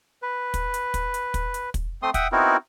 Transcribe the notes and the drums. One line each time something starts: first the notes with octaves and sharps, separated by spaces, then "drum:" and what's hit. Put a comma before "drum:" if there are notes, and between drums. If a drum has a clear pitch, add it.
B4
drum: kick, hi-hat
drum: hi-hat
drum: kick, hi-hat
drum: hi-hat
drum: kick, hi-hat
drum: hi-hat
drum: kick, hi-hat
A3 C4 C6 D#6
E5 F#5 G5 D#6, drum: kick, hi-hat
B3 C4 D#4 E4 F#4 A#4